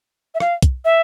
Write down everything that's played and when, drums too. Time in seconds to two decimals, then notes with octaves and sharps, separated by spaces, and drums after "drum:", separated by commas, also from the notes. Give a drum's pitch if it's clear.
0.35 E5
0.40 F5, drum: rim click
0.62 drum: kick, hi-hat
0.85 E5